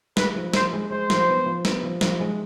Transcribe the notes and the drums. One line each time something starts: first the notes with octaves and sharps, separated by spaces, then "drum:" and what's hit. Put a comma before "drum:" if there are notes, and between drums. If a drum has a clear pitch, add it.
G#3 B4, drum: snare
F3
F3 C5, drum: snare
G#3
G#3 C5
F3, drum: snare
B3
F3
B3, drum: snare
F3
F3, drum: snare
G#3